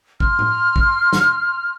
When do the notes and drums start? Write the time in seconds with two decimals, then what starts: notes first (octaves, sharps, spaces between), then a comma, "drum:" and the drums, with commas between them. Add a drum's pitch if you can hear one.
0.20 C6 F6, drum: kick
0.39 drum: tom A2
0.76 drum: kick
1.13 drum: snare